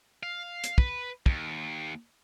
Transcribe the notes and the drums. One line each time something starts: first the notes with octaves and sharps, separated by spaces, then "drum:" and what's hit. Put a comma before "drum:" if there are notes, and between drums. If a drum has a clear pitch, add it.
F5
drum: hi-hat
B4, drum: kick
D#2, drum: kick